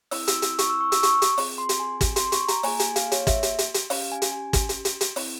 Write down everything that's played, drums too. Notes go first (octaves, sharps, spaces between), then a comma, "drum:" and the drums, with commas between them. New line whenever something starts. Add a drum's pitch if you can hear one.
C4 E4 G#4 E6, drum: open hi-hat
E6, drum: hi-hat
E6, drum: hi-hat
C#6, drum: hi-hat
E6
C#6
E6, drum: hi-hat
C#6, drum: hi-hat
drum: hi-hat
C4 F4 G#4, drum: open hi-hat
C6
drum: hi-hat
G#5
drum: kick, hi-hat
C6, drum: hi-hat
C#6, drum: hi-hat
A#5, drum: hi-hat
A#3 F4 G#4 G#5, drum: open hi-hat
G#5, drum: hi-hat
F5, drum: hi-hat
C#5, drum: hi-hat
E5, drum: kick, hi-hat
drum: hi-hat
drum: hi-hat
drum: hi-hat
C#4 G4 F5, drum: open hi-hat
G#5
drum: hi-hat
G#5
drum: kick, hi-hat
drum: hi-hat
drum: hi-hat
drum: hi-hat
C4 E4 G#4, drum: open hi-hat